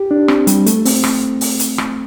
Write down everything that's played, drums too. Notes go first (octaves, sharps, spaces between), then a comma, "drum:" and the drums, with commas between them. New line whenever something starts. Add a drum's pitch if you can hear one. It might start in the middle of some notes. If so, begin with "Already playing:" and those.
Already playing: G4
D4
C4, drum: rim click
G3, drum: hi-hat
A3, drum: hi-hat
C4, drum: open hi-hat
drum: rim click
drum: open hi-hat
drum: hi-hat
drum: rim click